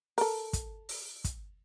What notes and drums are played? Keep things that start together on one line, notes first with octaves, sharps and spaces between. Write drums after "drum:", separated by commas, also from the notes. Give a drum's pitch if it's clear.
A4 A#4, drum: open hi-hat
drum: kick, hi-hat
drum: open hi-hat
drum: kick, hi-hat